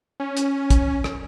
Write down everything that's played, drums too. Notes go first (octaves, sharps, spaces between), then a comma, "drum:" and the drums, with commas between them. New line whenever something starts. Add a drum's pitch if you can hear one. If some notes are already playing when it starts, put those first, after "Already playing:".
C#4
drum: hi-hat
drum: kick, hi-hat
drum: rim click